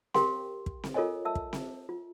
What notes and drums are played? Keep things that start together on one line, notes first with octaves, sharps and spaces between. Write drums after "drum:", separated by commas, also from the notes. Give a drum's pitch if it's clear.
G4 A#4 F5 G5 C6, drum: snare C4
drum: kick
drum: snare C4
F4 A4 A#4 C#5 D#5 G#5
E5 A5 E6
drum: kick
drum: snare C4
F4